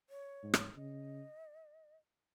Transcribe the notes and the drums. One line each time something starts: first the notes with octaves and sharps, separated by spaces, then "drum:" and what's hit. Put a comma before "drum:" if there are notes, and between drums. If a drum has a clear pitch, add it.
C#5
G#2
drum: rim click
C#3 D#5